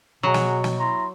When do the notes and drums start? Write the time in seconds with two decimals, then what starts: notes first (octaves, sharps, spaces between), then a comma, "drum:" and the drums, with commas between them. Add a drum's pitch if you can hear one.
0.23 B2 F#3 G#4 F#5 A#5
0.34 drum: snare
0.64 drum: snare
0.79 E4 A#5 C6